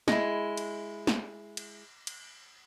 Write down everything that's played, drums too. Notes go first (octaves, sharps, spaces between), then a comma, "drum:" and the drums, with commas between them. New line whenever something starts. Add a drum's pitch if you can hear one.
G#3 E4, drum: snare
drum: cymbal
drum: snare
drum: cymbal
drum: cymbal